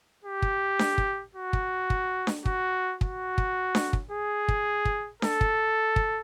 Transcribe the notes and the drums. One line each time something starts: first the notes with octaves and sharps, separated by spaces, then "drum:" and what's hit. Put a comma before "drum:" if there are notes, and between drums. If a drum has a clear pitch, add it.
G4
drum: kick
drum: snare D4
drum: kick
F#4
drum: kick
drum: kick
drum: snare D4
F#4, drum: kick
F#4, drum: kick
drum: kick
drum: snare D4
drum: kick
G#4
drum: kick
drum: kick
A4, drum: snare D4
drum: kick
drum: kick